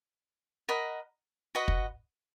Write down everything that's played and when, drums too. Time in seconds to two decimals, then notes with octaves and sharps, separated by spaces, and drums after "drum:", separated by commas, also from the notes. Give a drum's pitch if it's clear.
0.69 A#4 D#5 F#5 B5
1.55 F#4 B4 D#5 F#5
1.68 drum: kick